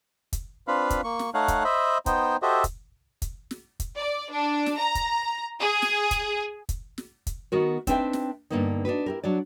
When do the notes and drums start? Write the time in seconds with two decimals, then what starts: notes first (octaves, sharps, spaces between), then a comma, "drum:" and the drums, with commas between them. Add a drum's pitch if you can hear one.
0.33 drum: kick, hi-hat
0.68 C4 D4 F4 B4 F5 B5
0.90 drum: kick, hi-hat
1.04 A#3 C#6
1.19 drum: snare
1.34 A3 D#4 C#5 F5 F#5 F#6
1.48 drum: kick, hi-hat
1.64 C5 D#5 E5 B5
2.06 B3 D#4 C5 G5, drum: kick, hi-hat
2.42 F#4 G4 A4 C5 D#5 E5
2.64 drum: kick, hi-hat
3.22 drum: kick, hi-hat
3.51 drum: snare
3.80 drum: kick, hi-hat
3.97 D5
4.31 D4
4.66 drum: snare
4.79 A#5
4.95 drum: kick, hi-hat
5.61 G#4
5.82 drum: snare
6.11 drum: kick, hi-hat
6.69 drum: kick, hi-hat
6.98 drum: snare
7.27 drum: kick, hi-hat
7.52 D#3 B3 F#4 A#4
7.87 C4 D4 D#4 B4 E5 G5, drum: kick, hi-hat
8.13 drum: snare
8.50 G2 A#2 D3 A#3 B3 D#4
8.85 D4 D#4 F#4 B4
9.06 E4 G4 A#4
9.23 F#3 D4 D5